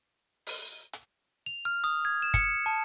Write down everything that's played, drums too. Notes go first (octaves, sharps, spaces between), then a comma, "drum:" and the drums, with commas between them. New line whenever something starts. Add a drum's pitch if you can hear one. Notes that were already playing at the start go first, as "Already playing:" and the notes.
drum: open hi-hat
drum: hi-hat
F7
F6
D#6
G#6
E7
C#7, drum: kick, hi-hat
A5